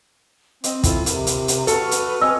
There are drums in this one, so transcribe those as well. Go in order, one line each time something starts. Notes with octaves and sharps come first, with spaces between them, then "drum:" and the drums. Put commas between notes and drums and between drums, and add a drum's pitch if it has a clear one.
C4 D#5, drum: hi-hat
E4 F4 A4, drum: kick, hi-hat
C3 A#4, drum: hi-hat
drum: hi-hat
drum: hi-hat
F#4 A4 B4 C#6 F6, drum: hi-hat
drum: hi-hat
C4 D#5 G#5 E6